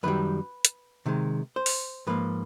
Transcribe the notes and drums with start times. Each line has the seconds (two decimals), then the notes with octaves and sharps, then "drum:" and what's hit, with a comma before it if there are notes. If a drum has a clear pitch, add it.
0.03 F#2 D#3 G3 B4
0.65 drum: hi-hat
1.06 C3 D#3 G#3
1.56 C5
1.66 drum: open hi-hat
2.07 G#2 F3 A#3 B4